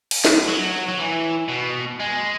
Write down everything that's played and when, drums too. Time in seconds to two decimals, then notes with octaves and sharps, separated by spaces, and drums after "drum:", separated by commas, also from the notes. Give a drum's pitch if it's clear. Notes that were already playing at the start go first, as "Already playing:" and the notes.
0.11 drum: cymbal
0.25 drum: snare
0.48 F#3
0.88 F#3
0.99 E3
1.48 B2
2.00 G#3